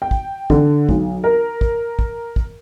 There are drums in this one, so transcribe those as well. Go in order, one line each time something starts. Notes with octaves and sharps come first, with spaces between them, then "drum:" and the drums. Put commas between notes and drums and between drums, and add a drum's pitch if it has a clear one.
G5
drum: kick
D3, drum: kick
B1, drum: kick
A#4
drum: kick
drum: kick
drum: kick